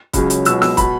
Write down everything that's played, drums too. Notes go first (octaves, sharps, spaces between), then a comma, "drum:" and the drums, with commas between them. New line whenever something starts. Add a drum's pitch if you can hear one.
C#2 C#3 F#3, drum: kick, hi-hat
drum: hi-hat
C#2 B2 F#3 E6, drum: hi-hat
E6, drum: snare
B2 B5, drum: kick, hi-hat